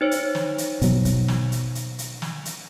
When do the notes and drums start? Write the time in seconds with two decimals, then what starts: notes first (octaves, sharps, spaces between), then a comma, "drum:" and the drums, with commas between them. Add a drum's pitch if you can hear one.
0.01 D#4 C5 C#5
0.11 drum: hi-hat
0.35 drum: snare
0.58 drum: hi-hat
0.82 B2 F#3, drum: hi-hat
1.05 drum: kick, hi-hat
1.28 drum: snare
1.52 drum: hi-hat
1.75 drum: hi-hat
1.99 drum: hi-hat
2.22 drum: snare
2.45 drum: hi-hat